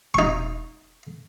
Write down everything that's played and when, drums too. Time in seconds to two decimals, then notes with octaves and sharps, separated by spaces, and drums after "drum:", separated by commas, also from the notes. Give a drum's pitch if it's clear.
0.14 D#4 C#6, drum: kick E1